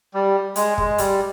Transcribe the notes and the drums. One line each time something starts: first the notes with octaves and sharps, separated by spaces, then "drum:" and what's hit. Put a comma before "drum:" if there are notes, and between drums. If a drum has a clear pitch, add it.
G3
G#3, drum: hi-hat
G#3, drum: kick
G3, drum: hi-hat